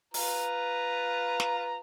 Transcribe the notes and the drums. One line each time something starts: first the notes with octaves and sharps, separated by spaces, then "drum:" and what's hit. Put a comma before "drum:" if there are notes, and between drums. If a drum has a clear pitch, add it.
F4 B4 A#5, drum: open hi-hat
drum: snare